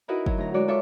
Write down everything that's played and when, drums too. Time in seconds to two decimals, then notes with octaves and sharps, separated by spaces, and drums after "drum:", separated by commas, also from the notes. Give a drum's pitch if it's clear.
0.08 D#4 E4 F#4 A#4 B4 D#5
0.26 F#3, drum: kick
0.38 D2 A#5
0.54 G#3 F#4 C#5 D5
0.68 F4 A4 C#5 E5 C#6 D6